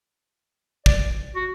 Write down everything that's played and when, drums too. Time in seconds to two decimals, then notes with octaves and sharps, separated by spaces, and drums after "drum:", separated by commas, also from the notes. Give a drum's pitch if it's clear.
0.86 D5, drum: kick
1.35 F#4